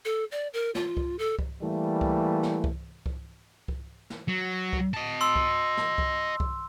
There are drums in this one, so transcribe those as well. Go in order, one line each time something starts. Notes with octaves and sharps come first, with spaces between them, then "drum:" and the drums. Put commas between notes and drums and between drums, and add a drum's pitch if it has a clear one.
A4
D5
A#4
F4, drum: snare
drum: kick C2
A4
drum: kick C2
E3 G3 A3 A#3
drum: kick C2
drum: snare
drum: kick C2
drum: kick C2
drum: kick C2
drum: snare
F#3
drum: kick C2
D#5 A5
C6 E6
drum: kick C2
drum: snare
drum: kick C2
drum: kick C2